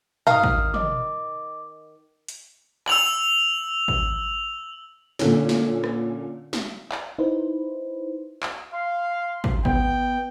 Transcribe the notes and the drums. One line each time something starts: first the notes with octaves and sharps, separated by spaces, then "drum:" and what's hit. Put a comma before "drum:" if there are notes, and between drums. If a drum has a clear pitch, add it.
D#3 F5 A#5 D#6 F6, drum: tom
drum: kick
D#5 D6, drum: tom
drum: hi-hat
E6 F7 F#7, drum: clap
drum: kick
A#2 D3 C#4, drum: snare
drum: snare
drum: rim click
drum: snare
drum: clap
D#4 E4 B4 C5
drum: clap
F5 C6
drum: kick
B3 G5, drum: kick